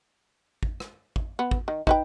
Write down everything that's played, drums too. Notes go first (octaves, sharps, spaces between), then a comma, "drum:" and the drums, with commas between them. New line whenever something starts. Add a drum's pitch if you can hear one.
drum: kick
drum: rim click
drum: kick
B3
drum: kick
D#3
D#4 B4 G5, drum: kick